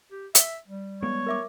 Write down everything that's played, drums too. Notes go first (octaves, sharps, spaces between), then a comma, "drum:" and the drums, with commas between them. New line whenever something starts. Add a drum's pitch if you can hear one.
G4
E5, drum: hi-hat
G3
G#3 B3 C#5
A#4 E5 D6